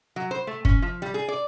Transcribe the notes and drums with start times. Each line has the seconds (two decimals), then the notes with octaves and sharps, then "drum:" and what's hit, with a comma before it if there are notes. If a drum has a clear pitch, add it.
0.16 F#3
0.31 C5
0.47 A3
0.65 C#4, drum: kick
0.82 F3
1.02 G3
1.14 G#4
1.28 D5